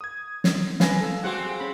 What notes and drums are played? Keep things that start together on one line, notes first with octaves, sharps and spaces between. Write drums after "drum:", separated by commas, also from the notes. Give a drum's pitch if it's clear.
D#6 G#6
drum: snare
B4 F5 G#5 A#6, drum: snare
A4
G#3 C4 F#4 G4 F#5
C#4 B5